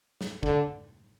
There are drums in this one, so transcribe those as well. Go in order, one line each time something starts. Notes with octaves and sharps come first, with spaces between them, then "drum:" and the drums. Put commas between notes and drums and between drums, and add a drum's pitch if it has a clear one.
drum: snare
D3, drum: kick